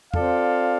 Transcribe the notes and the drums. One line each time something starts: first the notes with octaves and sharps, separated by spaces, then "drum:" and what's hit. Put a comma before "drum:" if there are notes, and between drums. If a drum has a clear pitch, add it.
C4 F4 A4 D5 F5, drum: tom E2